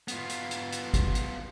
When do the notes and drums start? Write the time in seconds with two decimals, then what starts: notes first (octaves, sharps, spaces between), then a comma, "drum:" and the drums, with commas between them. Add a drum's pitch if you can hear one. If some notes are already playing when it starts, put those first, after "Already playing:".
0.08 B3 F4, drum: hi-hat
0.29 drum: hi-hat
0.51 drum: hi-hat
0.72 drum: hi-hat
0.94 drum: kick, hi-hat
1.15 drum: hi-hat